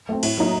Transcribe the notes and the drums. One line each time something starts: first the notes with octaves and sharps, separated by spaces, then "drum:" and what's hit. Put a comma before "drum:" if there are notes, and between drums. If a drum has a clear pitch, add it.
A3 C4
A2, drum: cymbal
F#3 A#3 D#4